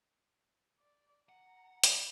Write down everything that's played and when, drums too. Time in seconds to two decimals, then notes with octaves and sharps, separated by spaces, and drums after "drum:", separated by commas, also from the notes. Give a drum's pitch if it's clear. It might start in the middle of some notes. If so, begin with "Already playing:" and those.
0.80 D5
1.29 F#5 A#5
1.83 drum: hi-hat